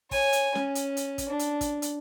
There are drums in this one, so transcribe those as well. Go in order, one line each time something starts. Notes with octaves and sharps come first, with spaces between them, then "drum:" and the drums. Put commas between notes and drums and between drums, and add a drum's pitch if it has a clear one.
C#5 G#5, drum: kick, open hi-hat
drum: hi-hat
C#4, drum: snare
drum: hi-hat
drum: hi-hat
drum: kick, hi-hat
D4
drum: hi-hat
drum: kick, hi-hat
drum: hi-hat